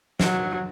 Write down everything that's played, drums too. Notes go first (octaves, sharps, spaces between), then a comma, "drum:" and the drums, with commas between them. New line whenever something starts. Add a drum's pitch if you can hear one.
F#3, drum: snare